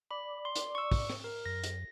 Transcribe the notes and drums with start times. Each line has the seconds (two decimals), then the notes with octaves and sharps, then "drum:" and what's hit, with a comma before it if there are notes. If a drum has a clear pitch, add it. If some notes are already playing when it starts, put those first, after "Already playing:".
0.11 D5 B5
0.45 C6
0.56 drum: hi-hat
0.75 C#6 E6
0.92 drum: kick, open hi-hat
1.10 drum: rim click
1.24 A#4
1.46 F#2 A#6
1.64 drum: hi-hat